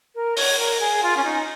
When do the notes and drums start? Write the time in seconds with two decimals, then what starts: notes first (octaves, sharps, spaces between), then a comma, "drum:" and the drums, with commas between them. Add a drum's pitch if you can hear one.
0.15 A#4
0.37 C#5, drum: open hi-hat
0.58 A#4
0.80 G#4
1.02 F4
1.16 C#4
1.24 D#4